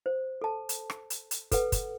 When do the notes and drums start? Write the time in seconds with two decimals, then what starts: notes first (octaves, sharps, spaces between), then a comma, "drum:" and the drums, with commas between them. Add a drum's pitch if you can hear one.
0.06 C5
0.42 A4 A5
0.69 drum: hi-hat
0.90 drum: rim click
1.10 drum: hi-hat
1.31 drum: hi-hat
1.52 A4 B4 F#5, drum: kick, hi-hat
1.72 drum: kick, hi-hat